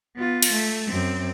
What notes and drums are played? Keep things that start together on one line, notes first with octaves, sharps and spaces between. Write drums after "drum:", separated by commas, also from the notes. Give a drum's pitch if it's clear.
B3 F4
drum: cymbal
A3
F#2 C4